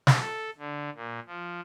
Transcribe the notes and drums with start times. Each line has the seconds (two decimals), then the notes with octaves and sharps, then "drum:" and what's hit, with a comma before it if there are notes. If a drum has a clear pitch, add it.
0.07 drum: snare
0.21 A4
0.58 D3
0.96 A#2
1.26 F3